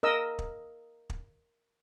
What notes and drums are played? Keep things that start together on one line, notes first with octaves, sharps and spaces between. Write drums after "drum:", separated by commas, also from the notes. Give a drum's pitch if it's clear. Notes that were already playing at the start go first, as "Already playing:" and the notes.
A#4 D#5 E6
drum: kick
drum: kick